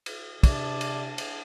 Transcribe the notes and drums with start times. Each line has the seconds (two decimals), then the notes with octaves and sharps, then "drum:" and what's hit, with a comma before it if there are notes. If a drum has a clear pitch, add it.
0.06 drum: cymbal
0.43 C3 D4 D5 A5, drum: kick, cymbal
0.81 drum: cymbal
1.18 drum: cymbal